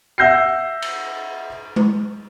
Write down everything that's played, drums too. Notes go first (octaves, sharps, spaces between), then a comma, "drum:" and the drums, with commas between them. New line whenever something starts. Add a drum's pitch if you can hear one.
E5 F#5 E6 G6 A#6 C7
drum: cymbal
drum: tom G#3